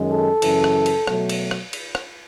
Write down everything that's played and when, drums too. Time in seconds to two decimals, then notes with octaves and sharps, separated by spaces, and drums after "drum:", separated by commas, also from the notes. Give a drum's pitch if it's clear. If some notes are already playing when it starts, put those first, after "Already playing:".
Already playing: F#2 D#3 G#3
0.10 A4
0.42 F#2 C#3 E3, drum: cymbal
0.64 drum: rim click
0.86 drum: cymbal
1.07 B2 F#3 A3, drum: rim click
1.29 drum: cymbal
1.51 drum: rim click
1.73 drum: cymbal
1.95 drum: rim click